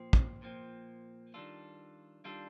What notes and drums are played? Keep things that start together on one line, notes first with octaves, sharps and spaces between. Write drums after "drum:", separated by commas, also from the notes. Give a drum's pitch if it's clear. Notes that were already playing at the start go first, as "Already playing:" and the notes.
Already playing: A#2 F3 C4
drum: kick
A#2 F3 C4
D#3 G3 D4 F4 A4
D#3 G3 D4 F4 A4